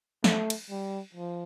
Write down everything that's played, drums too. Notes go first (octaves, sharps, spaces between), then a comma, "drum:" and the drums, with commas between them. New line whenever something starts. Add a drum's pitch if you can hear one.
A3, drum: snare
drum: cymbal
G3
F3